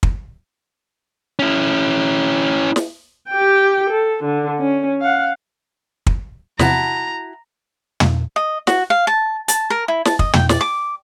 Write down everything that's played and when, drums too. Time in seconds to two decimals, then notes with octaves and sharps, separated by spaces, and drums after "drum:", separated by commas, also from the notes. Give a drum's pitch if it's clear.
0.03 drum: kick
1.39 C#4 E4
2.76 drum: snare
3.29 G4 G5
3.90 A4
4.23 D3
4.60 C#4
5.01 F5 F#5
6.07 drum: kick
6.59 E2 C3 F3 E4 F#4 A5 A#5, drum: snare
8.00 drum: tom
8.36 D#5
8.67 F#4, drum: snare
8.90 F5
9.07 A5
9.48 A5, drum: hi-hat
9.70 A#4
9.88 E4
10.05 A5, drum: snare
10.19 D#5, drum: kick
10.34 G5, drum: tom
10.49 D5, drum: snare
10.61 D6